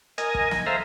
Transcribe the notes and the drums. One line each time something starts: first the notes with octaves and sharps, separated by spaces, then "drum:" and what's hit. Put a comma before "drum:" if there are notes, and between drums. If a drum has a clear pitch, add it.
A#4 D#5 G#5, drum: hi-hat
drum: kick
drum: snare
A4 C5 E5 F5 A#5